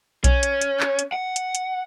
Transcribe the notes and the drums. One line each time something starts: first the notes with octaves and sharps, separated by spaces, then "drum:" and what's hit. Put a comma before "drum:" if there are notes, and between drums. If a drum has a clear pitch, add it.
C#4, drum: kick B1, hi-hat
drum: hi-hat
drum: hi-hat
drum: clap
drum: hi-hat
F#5
drum: hi-hat
drum: hi-hat